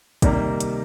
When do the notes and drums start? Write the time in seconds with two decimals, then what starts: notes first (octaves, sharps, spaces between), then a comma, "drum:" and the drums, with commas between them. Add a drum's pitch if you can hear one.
0.22 C3 D#3 G3 A#3, drum: kick, hi-hat
0.60 drum: hi-hat